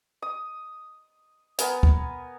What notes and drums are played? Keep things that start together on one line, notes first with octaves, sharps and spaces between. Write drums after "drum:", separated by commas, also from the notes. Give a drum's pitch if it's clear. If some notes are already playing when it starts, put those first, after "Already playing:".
D#6
B3 A#4 G#5, drum: hi-hat
drum: kick